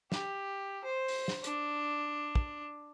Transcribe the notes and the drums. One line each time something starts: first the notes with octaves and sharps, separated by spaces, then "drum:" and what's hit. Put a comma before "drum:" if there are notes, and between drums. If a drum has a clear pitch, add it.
G4, drum: snare
C5
drum: open hi-hat
drum: snare
D4, drum: hi-hat
drum: kick